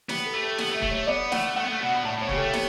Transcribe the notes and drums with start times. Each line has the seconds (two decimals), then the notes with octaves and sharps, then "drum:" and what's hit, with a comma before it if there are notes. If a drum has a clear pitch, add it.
0.09 B3 G4, drum: snare
0.26 A4
0.33 A3 G4
0.42 A4
0.58 B3, drum: snare
0.70 A3
0.74 E5
0.82 A3, drum: kick
0.91 C#5
0.95 A3
1.07 B3 D5
1.32 A3 F#5, drum: snare
1.56 A3 F#5
1.64 B3
1.72 A3
1.80 B2
1.94 B5
2.05 A2 A5
2.18 A2 C#5
2.29 C#3 G4, drum: kick
2.37 A4
2.41 A3
2.53 B3 C#5, drum: snare